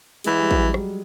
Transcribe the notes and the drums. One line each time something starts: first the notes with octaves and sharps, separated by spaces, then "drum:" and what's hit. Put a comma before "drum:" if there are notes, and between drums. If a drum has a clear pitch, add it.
E3 G#3, drum: hi-hat
G3
F#3, drum: kick A1
G3, drum: rim click